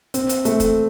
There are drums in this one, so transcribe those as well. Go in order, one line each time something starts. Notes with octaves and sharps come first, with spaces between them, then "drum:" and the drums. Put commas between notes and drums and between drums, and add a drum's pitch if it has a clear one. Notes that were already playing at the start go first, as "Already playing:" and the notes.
C4, drum: hi-hat
drum: hi-hat
A3, drum: hi-hat
drum: kick, hi-hat